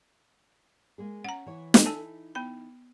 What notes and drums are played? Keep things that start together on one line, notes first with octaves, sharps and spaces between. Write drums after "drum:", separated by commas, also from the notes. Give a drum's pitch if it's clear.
G#3 A#3 G#4
C#4 F#5 A#5
E3 C#5
drum: snare
D#4 E4 A4 E5 G#5 A5
B3 B5